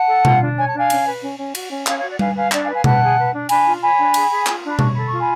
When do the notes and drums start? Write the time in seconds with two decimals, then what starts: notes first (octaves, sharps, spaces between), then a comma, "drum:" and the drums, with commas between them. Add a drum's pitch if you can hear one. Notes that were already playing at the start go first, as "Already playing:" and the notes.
Already playing: F#5 A5
0.08 A4
0.25 F4, drum: tom B2
0.41 D4
0.57 C#5 G#5
0.67 A5
0.73 D4 F5 G#5
0.90 C#4, drum: cymbal
1.06 B4
1.22 C#4
1.38 C#4
1.55 F#4, drum: cymbal
1.71 C#4
1.87 C#4 C#5 F5, drum: clap
1.97 C#5 F5
2.03 F#4
2.08 D5 F#5
2.19 B4 F5 G#5, drum: tom G3
2.35 B4 F5 G#5
2.52 D4 D5 F#5, drum: clap
2.63 F5 G#5
2.68 B4
2.73 F5 G#5
2.84 B4 F#5 A5, drum: tom B2
3.00 G#4
3.17 B4
3.33 D4
3.49 D4 G#5 B5, drum: cymbal
3.65 F4
3.82 C#5 G#5 B5
3.98 D4
4.14 G#4, drum: cymbal
4.30 G#4
4.46 F4, drum: clap
4.63 D4
4.69 B5
4.79 C#5 A5 C#6, drum: tom B2
4.95 A4 B5
5.07 F4 C#6
5.19 G#5 B5